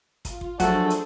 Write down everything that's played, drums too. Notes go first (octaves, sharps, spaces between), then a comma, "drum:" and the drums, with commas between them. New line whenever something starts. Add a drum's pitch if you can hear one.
F4, drum: kick, hi-hat
drum: kick
F3 F#3 A3 D4 F#4 G#4 A4 C5, drum: kick, hi-hat
drum: hi-hat